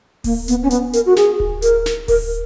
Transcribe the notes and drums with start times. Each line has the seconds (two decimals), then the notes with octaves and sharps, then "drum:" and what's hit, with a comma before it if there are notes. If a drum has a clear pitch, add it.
0.24 A#3, drum: kick D1, open hi-hat
0.48 B3, drum: hi-hat
0.63 C#4
0.71 B3, drum: hi-hat
0.93 A#4, drum: hi-hat
1.06 F#4
1.16 G#4, drum: snare
1.40 drum: kick D1
1.62 A#4, drum: hi-hat
1.86 drum: snare
2.08 A#4, drum: kick D1, open hi-hat